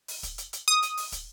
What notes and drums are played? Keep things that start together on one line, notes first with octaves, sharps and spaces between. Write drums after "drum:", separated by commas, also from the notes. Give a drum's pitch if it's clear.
drum: open hi-hat
drum: kick, hi-hat
drum: hi-hat
drum: hi-hat
D#6
drum: hi-hat
drum: open hi-hat
drum: kick, hi-hat